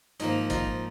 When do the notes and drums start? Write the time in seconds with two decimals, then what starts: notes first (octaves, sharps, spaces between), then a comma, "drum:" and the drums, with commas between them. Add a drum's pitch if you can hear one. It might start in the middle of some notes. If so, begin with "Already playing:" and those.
0.20 G#2 F3 A#3 D#4, drum: hi-hat
0.50 D#4 F4, drum: kick, hi-hat